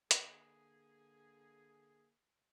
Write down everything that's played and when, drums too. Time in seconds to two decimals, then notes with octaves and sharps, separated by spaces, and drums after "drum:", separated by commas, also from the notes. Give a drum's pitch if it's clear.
0.11 D3 A#3 G#4, drum: hi-hat